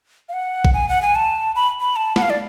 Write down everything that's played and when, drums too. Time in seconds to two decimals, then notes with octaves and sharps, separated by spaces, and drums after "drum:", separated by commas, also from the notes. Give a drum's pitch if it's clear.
0.29 F5
0.33 F#5
0.65 drum: kick A#1
0.74 G#5
0.88 F#5
1.02 G#5
1.15 A5
1.55 B5
1.80 B5
1.96 A5
2.16 F#5, drum: snare
2.22 F5
2.30 D5